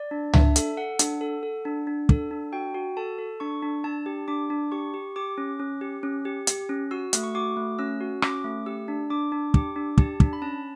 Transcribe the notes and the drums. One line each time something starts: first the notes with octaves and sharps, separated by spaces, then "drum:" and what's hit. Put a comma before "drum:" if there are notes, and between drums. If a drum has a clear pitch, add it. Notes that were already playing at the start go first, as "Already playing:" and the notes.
Already playing: D5
D4
D4 E5, drum: tom C#2
A4, drum: hi-hat
A4 F#5
D4, drum: hi-hat
A4
A4
D4
D4
A4, drum: kick
D4
F#4 G5
F#4
A4 A5
A4
D4 C#6
D4
D4 A5
G4
D4 D6
D4
G4 C#6
G4
G4 D6
C#4
C#4
G4
C#4
G4
G4, drum: hi-hat
C#4
F#4 E6
A3, drum: hi-hat
C#6
F#4 D6
A3
C#4 E6
F#4
C#4 D6, drum: rim click
A3
G4 E6
D4
D4 D6
D4
G4 D6, drum: kick
D4
G4 A5, drum: kick
D4, drum: kick
B5
C#4 A5